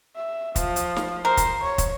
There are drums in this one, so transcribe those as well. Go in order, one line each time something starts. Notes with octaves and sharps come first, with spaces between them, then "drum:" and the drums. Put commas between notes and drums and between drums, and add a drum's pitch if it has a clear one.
E5
F3, drum: kick, hi-hat
drum: hi-hat
drum: snare
A#4 C5
drum: kick, hi-hat
C#5
drum: kick, hi-hat